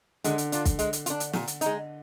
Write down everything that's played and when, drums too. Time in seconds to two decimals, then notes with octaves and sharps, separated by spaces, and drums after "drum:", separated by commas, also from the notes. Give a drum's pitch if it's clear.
0.24 D3 G#3, drum: hi-hat
0.38 drum: hi-hat
0.52 D4 F4, drum: hi-hat
0.65 drum: kick, hi-hat
0.79 G#3, drum: hi-hat
0.93 drum: hi-hat
1.06 F4, drum: hi-hat
1.10 D4
1.20 drum: hi-hat
1.33 A#2, drum: snare
1.48 drum: hi-hat
1.61 G#3 D#4, drum: hi-hat